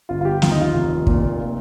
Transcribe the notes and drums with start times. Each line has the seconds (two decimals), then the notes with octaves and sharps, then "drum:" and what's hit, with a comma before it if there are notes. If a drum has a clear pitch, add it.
0.09 G1 F4
0.21 F4
0.25 G4
0.42 D#2 F4, drum: snare
0.51 D#4
0.61 F4
0.74 F1
1.07 A#2, drum: kick